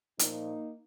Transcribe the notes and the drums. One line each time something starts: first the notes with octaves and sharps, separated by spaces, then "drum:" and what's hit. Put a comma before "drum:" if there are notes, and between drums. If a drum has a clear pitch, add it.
A#2 F3 A#3 D#4, drum: hi-hat